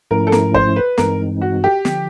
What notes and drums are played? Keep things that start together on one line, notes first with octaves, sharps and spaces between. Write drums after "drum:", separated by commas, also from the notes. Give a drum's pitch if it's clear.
G#2 F3 A3 C#4 E4 A#4
A4
A#4, drum: snare
C5, drum: kick
B4
G2 E3 G#3 C4 D#4 A#4, drum: snare
F#4
G4
D3 F3, drum: snare